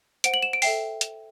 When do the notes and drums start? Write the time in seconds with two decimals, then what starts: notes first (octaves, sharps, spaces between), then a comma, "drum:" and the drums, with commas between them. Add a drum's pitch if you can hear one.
0.24 C5 F#5 D7, drum: hi-hat
0.34 F#7
0.43 E7
0.53 D7
0.62 A4 E5 G5 C7, drum: open hi-hat
1.01 drum: hi-hat